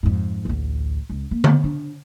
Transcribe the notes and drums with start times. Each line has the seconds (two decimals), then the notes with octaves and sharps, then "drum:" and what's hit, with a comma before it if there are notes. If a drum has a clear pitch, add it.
0.03 F2 G#2
0.45 A1 D2
1.09 C#2
1.31 A#3
1.44 drum: tom D3
1.64 D4